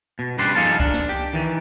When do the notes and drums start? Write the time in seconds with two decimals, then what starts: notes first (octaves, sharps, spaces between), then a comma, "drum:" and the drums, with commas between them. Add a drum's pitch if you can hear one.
0.19 B2
0.38 G2 C#3 G3 B4 D5 C6
0.55 F3 D#4 G#4 A4 F5 A5
0.80 D4, drum: kick C2
0.94 drum: snare
1.09 G4
1.33 D#3 E3